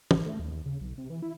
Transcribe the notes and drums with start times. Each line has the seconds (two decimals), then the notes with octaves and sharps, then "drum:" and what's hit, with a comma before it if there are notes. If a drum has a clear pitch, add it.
0.11 G#1, drum: tom
0.26 A3
0.39 D#2
0.52 D#2
0.66 C#3
0.81 B1
0.98 C3
1.10 E3
1.22 E4